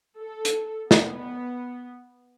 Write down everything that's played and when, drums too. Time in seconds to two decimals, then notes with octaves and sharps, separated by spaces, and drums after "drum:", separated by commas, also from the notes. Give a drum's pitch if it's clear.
0.19 A4
0.45 drum: hi-hat
0.91 B3, drum: snare